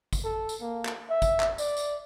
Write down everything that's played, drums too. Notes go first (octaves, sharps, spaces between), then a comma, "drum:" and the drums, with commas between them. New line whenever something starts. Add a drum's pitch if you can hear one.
drum: kick G#1, tambourine
A4
drum: tambourine
A#3
drum: clap
E5
drum: kick G#1, tambourine
drum: clap
D5, drum: tambourine
drum: tambourine